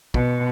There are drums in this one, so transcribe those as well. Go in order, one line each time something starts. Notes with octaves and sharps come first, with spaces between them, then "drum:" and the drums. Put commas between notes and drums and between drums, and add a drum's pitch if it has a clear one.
B2, drum: kick